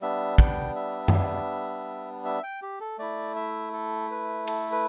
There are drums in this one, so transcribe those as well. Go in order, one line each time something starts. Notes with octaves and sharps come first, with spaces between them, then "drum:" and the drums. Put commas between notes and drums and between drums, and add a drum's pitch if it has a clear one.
G3 B3 D4 E5
G5, drum: kick
E5
drum: tom F#2
E5
G5
G4
A4
A3 E4 D5
E5
A4
B4
A4, drum: cymbal
B4